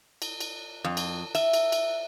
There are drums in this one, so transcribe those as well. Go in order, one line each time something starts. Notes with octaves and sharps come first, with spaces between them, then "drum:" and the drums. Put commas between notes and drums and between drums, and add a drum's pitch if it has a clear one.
drum: cymbal
drum: cymbal
F2
drum: cymbal
E5, drum: cymbal
drum: cymbal
drum: cymbal